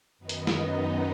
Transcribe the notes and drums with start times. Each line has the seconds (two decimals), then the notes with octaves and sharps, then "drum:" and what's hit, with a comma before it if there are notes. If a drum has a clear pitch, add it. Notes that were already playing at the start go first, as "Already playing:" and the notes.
0.18 F#2 D#3 B3 D#4
0.29 drum: hi-hat
0.47 drum: snare